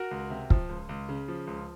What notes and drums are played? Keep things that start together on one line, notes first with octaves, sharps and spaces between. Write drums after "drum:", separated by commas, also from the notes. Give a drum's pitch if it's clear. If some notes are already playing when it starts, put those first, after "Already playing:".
Already playing: F#4 A#4
C#2
C3
F3, drum: kick
C#2
C#2
C#3
F3
C#2